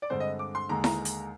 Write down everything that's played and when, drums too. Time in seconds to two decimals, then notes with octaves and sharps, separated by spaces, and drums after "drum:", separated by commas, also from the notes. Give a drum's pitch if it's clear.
0.02 D5
0.10 G2 D3 G#3 C4 C5
0.20 D#5
0.39 D6
0.55 C6
0.69 D#2 D3 G#3 A#5
0.84 A#5, drum: snare E4
1.05 drum: hi-hat